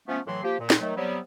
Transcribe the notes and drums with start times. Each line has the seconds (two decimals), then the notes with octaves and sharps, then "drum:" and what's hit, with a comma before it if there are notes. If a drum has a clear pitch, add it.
0.08 F3 A3 B3 C#4
0.27 A2 E3 F#3 C6
0.44 F3 A#3 G4
0.60 A#2
0.70 drum: snare
0.81 D#3 F#3 A3
0.96 C3 F#3 G3 B3